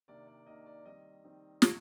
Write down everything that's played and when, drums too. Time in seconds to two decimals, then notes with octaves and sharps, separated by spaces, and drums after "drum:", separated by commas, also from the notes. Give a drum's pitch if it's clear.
0.08 C3 D#3 A#3 D4 D5
0.27 D5
0.46 C3 D#3 A#3 D4 D#5
0.66 D5
0.85 D#3 G3 C4 D#5
1.24 D#3 G3 C4
1.62 C3 D#3 G3, drum: snare